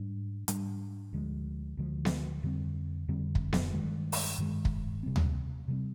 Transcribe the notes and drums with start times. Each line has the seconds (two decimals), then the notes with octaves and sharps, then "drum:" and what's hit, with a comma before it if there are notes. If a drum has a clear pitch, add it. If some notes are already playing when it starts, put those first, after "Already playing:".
Already playing: G#2 G3 D4
0.48 G#2 G3 D4, drum: hi-hat
1.13 D2 D3 F3 G#3
1.77 D2 D3 F3 G#3
2.05 drum: snare B3
2.43 F2 D3 G3 C4
3.09 F2 D3 G3 C4
3.35 drum: kick
3.53 drum: snare B3
3.73 G2 D#3 G#3
4.12 drum: open hi-hat
4.38 G2 D#3 G#3
4.65 drum: kick
5.03 C3 G3 C4
5.16 drum: tom D2
5.68 C3 G3 C4